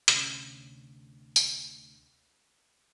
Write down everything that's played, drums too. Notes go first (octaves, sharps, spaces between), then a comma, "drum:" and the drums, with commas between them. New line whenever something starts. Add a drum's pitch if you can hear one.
D2 C3 C4 C#4, drum: hi-hat
drum: tambourine